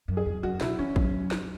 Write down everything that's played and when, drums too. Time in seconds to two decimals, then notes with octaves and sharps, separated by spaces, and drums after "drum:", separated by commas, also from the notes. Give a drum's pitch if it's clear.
0.08 F#2
0.17 G#4
0.26 E2
0.43 F#2 F#4
0.61 B2 E4, drum: snare
0.79 E3 C#4
0.96 F#3, drum: kick
1.31 drum: snare